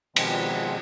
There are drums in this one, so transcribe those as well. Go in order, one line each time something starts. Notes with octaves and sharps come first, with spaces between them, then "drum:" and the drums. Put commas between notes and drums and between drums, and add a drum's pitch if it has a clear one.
B2 D#3 F3 G#3 B3 C4, drum: cymbal